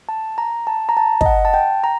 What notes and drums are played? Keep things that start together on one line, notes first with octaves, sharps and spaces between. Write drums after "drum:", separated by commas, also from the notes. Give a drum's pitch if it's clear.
A5
A#5
A5
A#5
A5
D#5, drum: kick
F#5
A5
G5
A#5